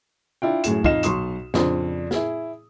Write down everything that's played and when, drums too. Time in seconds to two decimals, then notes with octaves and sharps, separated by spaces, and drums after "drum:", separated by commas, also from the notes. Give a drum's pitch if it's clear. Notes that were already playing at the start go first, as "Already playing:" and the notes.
0.42 D4 E4 F4 G5
0.64 F#2 A2 G#4 E7, drum: hi-hat
0.84 F2 D#4 F5 C7 E7, drum: kick
1.03 B1 C6 C#6 D#6 E7, drum: hi-hat
1.54 F2 C#3 D4 C5 D#6, drum: snare
2.11 E4 G#4, drum: snare